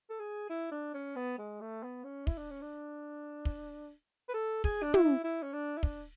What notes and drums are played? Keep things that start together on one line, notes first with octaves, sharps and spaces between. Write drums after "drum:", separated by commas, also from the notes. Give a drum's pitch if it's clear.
A4
G#4
E4
D4
C#4
B3
G#3
A3
B3
C#4
E4, drum: kick
D4
C#4
D4
drum: kick
B4
A4
G#4, drum: kick
D4
E4, drum: tom
E4
C#4
D4
E4
D4, drum: kick